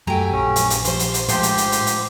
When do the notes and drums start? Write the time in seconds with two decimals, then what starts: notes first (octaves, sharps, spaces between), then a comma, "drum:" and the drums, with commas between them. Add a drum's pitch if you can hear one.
0.07 F#2 F#3 A3 G4 G5 G#5 A#5
0.33 A#1 C#4
0.56 drum: hi-hat
0.70 drum: hi-hat
0.85 F3 G3 C5 C6, drum: hi-hat
0.99 drum: hi-hat
1.14 drum: hi-hat
1.28 A2 F3 G#3 G4 C5 C6, drum: hi-hat
1.43 drum: hi-hat
1.58 drum: hi-hat
1.72 drum: hi-hat
1.87 drum: hi-hat